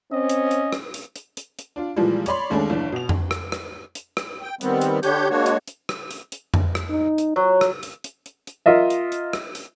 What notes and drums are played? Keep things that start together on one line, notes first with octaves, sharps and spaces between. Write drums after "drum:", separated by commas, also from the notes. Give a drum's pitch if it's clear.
C4 C#4 D#5
drum: hi-hat
drum: hi-hat
drum: rim click
drum: hi-hat
drum: hi-hat
drum: hi-hat
drum: hi-hat
D4 F4
A#2 E3 F3 G3 G#3
C#5 D5 B5 C6, drum: hi-hat
D#2 G#3 A3 C#4 D4
F#1 E3 D4
B2 F7
drum: tom F2
drum: rim click
drum: rim click
drum: hi-hat
drum: rim click
G5
D#3 G3 B3 C4, drum: hi-hat
drum: hi-hat
D3 D4 G4 C#5 G6, drum: hi-hat
G#3 A#3 D4 F#4 C#5
drum: hi-hat
drum: hi-hat
drum: rim click
drum: hi-hat
drum: hi-hat
drum: tom F2
drum: rim click
D#4
drum: hi-hat
F#3 C#5
drum: rim click
drum: hi-hat
drum: hi-hat
drum: hi-hat
drum: hi-hat
F4 A#4 D#5 E5
drum: hi-hat
drum: hi-hat
drum: rim click
drum: hi-hat